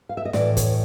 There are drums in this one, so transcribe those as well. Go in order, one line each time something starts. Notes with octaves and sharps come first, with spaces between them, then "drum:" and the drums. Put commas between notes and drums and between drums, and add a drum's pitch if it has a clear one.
F5
E5
D#5
A2 E3 D5, drum: snare
C#5, drum: kick, hi-hat